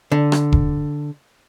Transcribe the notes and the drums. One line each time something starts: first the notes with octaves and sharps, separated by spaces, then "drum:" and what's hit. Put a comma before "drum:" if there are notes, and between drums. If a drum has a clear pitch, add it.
D3
drum: rim click
drum: kick E1